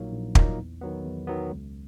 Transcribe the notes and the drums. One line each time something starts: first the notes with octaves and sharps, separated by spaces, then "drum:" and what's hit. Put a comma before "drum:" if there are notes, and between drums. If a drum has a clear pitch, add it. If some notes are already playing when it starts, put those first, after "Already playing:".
Already playing: A#1 A#2 F#3 A#3 D#4
A#1
A#2 F#3 A#3 D#4, drum: kick
E2
D#3 F#3 B3
E2
D#3 F#3 B3
C#2